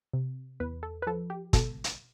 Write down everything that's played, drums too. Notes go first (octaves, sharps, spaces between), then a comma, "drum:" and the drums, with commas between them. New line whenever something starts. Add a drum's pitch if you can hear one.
C3
E2 B4
A4
B4
F3 A4
G4
B2 A4, drum: kick, hi-hat
drum: hi-hat